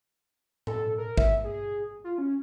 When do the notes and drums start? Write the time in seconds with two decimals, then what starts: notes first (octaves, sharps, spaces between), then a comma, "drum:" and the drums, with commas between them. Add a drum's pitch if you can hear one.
0.67 A4, drum: tom A2
0.98 A#4
1.17 E5, drum: kick G#1
1.44 G#4
2.04 F4
2.18 C#4